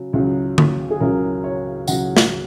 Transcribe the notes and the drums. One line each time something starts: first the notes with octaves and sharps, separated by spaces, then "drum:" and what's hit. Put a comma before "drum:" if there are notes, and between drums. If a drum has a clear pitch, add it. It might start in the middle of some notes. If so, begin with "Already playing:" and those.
Already playing: C#3 F#3
C#2 C#3 F#3
drum: tom D3
G#4
C#2 C#3 F#3 A#4
C#5
C#2 C#3 F#3 F#5, drum: tambourine
drum: snare